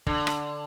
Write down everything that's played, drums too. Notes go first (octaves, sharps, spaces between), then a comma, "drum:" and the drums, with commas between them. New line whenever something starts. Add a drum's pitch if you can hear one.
D3, drum: kick
drum: rim click